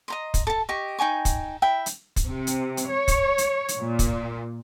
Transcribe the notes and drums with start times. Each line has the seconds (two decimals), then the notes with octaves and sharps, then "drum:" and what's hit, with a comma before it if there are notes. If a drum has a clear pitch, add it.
0.08 D#5 A#5 C6
0.34 drum: kick, hi-hat
0.47 A4 A5
0.69 G4 D#5 C#6
0.99 D#4 G5 G#5 C#6
1.25 drum: kick, hi-hat
1.62 E4 E5 G5
1.86 drum: hi-hat
2.16 drum: kick, hi-hat
2.28 C3
2.47 drum: hi-hat
2.77 drum: hi-hat
2.92 C#5
3.08 drum: kick, hi-hat
3.38 drum: hi-hat
3.68 drum: hi-hat
3.80 A#2
3.99 drum: kick, hi-hat